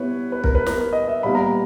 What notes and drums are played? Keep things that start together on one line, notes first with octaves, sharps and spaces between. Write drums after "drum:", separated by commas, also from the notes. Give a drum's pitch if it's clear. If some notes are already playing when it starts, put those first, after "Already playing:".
Already playing: B2 G3 B3 E4 B4 C#5
B4
A#4, drum: kick
B4
A#4, drum: snare
B4
D#5
E5
A#2 G3 B3 D#4 B5
A#5